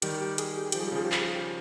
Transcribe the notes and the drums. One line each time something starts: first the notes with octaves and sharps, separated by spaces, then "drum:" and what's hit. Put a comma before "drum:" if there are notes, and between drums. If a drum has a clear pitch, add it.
D#3 G3 G4, drum: hi-hat
G4
G#4, drum: hi-hat
G4
G#4
F3 G4, drum: hi-hat
G3 G#4
G4
C#3 F3 G#4
G4
G#4, drum: clap
G4
G#4
G4
G#4